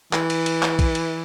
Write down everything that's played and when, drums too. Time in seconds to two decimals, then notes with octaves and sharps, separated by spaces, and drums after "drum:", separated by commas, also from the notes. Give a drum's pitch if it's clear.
0.13 E3, drum: clap
0.30 drum: cymbal
0.46 drum: cymbal
0.62 drum: clap
0.79 drum: kick, cymbal
0.95 drum: cymbal